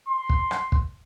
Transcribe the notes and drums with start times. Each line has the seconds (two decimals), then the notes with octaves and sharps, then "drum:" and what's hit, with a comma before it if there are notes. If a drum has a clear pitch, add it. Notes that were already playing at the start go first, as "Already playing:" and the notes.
0.09 C6
0.29 drum: kick
0.51 drum: rim click
0.72 drum: kick